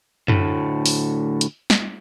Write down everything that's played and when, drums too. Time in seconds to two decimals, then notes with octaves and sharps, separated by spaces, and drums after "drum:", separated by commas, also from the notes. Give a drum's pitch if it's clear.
0.28 D2 A2, drum: tom F#2
0.86 drum: open hi-hat
1.41 drum: hi-hat
1.70 drum: snare